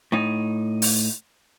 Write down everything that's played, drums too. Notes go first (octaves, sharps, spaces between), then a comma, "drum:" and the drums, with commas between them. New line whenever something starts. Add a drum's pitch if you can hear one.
A2 D#4
drum: open hi-hat